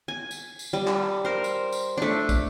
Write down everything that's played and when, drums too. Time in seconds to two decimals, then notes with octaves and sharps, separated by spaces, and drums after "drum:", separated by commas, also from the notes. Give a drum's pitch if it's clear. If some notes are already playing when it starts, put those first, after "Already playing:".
0.08 G#5
0.31 drum: tambourine
0.59 drum: tambourine
0.73 G3
0.87 drum: clap
1.25 A#4 C5
1.44 drum: tambourine
1.72 drum: tambourine
1.98 A3 D4
2.29 drum: kick, tambourine